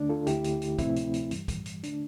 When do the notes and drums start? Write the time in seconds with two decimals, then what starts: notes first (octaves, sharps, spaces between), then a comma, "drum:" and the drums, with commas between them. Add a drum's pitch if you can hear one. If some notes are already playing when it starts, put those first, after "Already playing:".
Already playing: D2 D3 A3 D4
0.09 F4 A4
0.27 D2 D3 A3 E4 G4, drum: hi-hat
0.44 drum: hi-hat
0.62 drum: hi-hat
0.79 D2 C3 F3 A3 C4 E4, drum: kick B1, hi-hat
0.96 drum: hi-hat
1.14 drum: hi-hat
1.31 G2 E3 G3, drum: hi-hat
1.48 drum: kick B1, hi-hat
1.66 drum: hi-hat
1.83 D3 A3 D4, drum: hi-hat